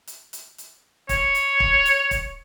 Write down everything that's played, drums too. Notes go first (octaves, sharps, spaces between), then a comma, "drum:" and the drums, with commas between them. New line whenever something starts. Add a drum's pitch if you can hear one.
drum: hi-hat
drum: hi-hat
drum: hi-hat
C#5, drum: kick, hi-hat
drum: hi-hat
drum: kick
drum: hi-hat
drum: kick, hi-hat